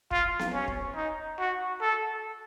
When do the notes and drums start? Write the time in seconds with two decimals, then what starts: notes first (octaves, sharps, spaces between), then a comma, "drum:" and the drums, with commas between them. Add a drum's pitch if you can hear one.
0.11 F4, drum: kick
0.39 drum: snare B3
0.53 C#4
0.68 drum: kick
0.96 D#4
1.39 F#4
1.81 A4